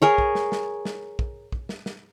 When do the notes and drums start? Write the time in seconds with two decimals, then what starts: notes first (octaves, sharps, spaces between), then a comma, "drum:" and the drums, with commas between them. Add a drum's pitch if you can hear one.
0.02 G#4 A#4 C#5
0.18 drum: kick
0.35 drum: snare
0.52 drum: snare
0.85 drum: snare
1.19 drum: kick
1.52 drum: kick
1.69 drum: snare
1.86 drum: snare